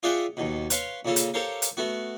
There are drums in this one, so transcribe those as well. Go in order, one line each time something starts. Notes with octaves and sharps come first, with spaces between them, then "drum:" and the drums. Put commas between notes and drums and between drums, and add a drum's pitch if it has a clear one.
F4 G#4 D5 E5 F#5 G5
D#2 B2
B4 C#5 F5 C6, drum: hi-hat
A#2 C#3 F4 A4
drum: hi-hat
G4 A4 A#4 C5 C#5 F5
drum: hi-hat
A3 B3 F#4